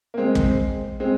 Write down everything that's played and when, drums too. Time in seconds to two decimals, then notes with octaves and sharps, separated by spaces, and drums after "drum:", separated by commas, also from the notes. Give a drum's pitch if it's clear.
0.14 A#3
0.17 G#3 C4
0.35 drum: kick
1.00 G#3 C4